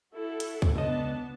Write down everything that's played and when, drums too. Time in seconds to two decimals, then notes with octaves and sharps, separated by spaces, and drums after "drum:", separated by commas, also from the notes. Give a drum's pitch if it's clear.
0.12 E4 F#4 A4
0.40 drum: hi-hat
0.62 drum: kick C2
0.76 C#2 B3 D4 D#5 A5